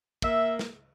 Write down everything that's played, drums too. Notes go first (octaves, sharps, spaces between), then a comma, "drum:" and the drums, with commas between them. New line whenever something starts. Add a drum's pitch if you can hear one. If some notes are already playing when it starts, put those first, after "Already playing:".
A#3 E5, drum: kick
drum: snare